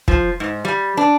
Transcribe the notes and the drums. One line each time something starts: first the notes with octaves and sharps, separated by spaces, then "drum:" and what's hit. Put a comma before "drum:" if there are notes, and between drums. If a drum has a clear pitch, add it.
F3, drum: kick
G#2
G3
D4